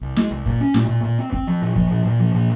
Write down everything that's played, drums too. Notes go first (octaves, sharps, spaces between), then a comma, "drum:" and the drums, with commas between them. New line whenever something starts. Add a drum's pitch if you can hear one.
C2
G#3, drum: snare
C2
A#2, drum: kick
C#4
A#2, drum: snare
A#2
A#2
C4
C4, drum: kick
F3
A#2
F3, drum: kick
A#2
A#2
F3
A#2